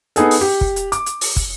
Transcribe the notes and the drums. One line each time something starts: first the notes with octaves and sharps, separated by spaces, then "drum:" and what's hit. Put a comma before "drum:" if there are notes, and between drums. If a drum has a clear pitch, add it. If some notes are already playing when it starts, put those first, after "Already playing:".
B3 D#4 G#4 A4, drum: hi-hat
drum: open hi-hat
G4
drum: kick
drum: hi-hat
D6, drum: hi-hat
drum: hi-hat
drum: open hi-hat
drum: kick, hi-hat